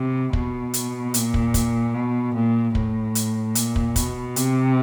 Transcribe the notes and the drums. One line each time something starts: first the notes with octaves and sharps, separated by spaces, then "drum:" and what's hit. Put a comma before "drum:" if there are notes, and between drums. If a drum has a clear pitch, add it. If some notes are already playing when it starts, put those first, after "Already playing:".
Already playing: C3
B2, drum: kick
drum: hi-hat
A#2, drum: hi-hat
drum: kick
drum: kick, hi-hat
B2
A#2
A2, drum: kick
drum: hi-hat
A#2, drum: hi-hat
drum: kick
B2, drum: kick, hi-hat
C3, drum: hi-hat